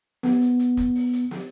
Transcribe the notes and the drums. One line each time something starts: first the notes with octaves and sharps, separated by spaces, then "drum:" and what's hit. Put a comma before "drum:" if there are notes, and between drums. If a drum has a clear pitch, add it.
B3, drum: snare
drum: hi-hat
drum: hi-hat
drum: kick, hi-hat
drum: open hi-hat
drum: hi-hat
drum: snare